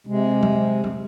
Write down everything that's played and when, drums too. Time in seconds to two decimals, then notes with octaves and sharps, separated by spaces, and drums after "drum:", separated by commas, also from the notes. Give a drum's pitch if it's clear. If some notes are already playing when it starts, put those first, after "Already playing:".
0.07 C3 G#3
0.43 drum: tom
0.84 drum: tom